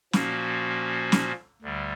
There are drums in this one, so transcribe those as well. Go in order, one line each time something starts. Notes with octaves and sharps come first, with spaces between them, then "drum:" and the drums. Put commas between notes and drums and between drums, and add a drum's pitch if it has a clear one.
A#2 F3 A#3 C#4 F#4, drum: snare
drum: snare
D2 D3 G3